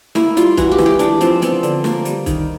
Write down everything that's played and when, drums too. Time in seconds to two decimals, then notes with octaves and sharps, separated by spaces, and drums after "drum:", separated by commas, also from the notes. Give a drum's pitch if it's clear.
0.15 A#3 E4, drum: snare
0.37 G3 F4, drum: hi-hat
0.57 E3 F#4, drum: kick, hi-hat
0.72 G4
0.78 E3, drum: snare
0.86 G4
0.99 G#3 D4, drum: hi-hat
1.21 F3 C4, drum: hi-hat
1.42 B3 C4, drum: hi-hat
1.63 D3, drum: hi-hat
1.84 A#3, drum: snare
2.05 G3, drum: hi-hat
2.26 D#3, drum: kick, hi-hat